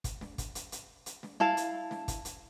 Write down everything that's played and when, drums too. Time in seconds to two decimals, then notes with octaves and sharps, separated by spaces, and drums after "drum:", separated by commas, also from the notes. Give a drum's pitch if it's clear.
0.04 drum: kick, hi-hat
0.21 drum: snare
0.38 drum: kick, hi-hat
0.55 drum: hi-hat
0.72 drum: hi-hat
1.06 drum: hi-hat
1.23 drum: snare
1.40 E4 F5 A5
1.57 drum: hi-hat
1.91 drum: snare
2.08 drum: kick, hi-hat
2.25 drum: hi-hat